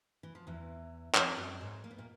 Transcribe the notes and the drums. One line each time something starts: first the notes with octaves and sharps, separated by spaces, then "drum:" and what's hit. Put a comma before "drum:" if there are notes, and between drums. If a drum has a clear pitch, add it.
E3
F3
E2 E3
F2 F3, drum: clap
F#2 F#3
G#2 G#3
A#3
B3
A#2 A#3